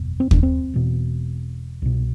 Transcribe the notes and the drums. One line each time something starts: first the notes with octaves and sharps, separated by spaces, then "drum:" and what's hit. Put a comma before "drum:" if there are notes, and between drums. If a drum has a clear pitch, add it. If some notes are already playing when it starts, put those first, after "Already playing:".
Already playing: F#1 E2 B2
C4
D4, drum: kick
C4
E1 E2 B2
C2 B2